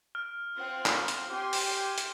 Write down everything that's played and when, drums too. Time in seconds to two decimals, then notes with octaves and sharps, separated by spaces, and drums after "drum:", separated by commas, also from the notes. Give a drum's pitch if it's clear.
0.15 F6
0.56 C4 F4 F#5
0.86 drum: clap
1.08 drum: hi-hat
1.30 G4 G5 G#5 C6
1.53 drum: open hi-hat
1.98 drum: hi-hat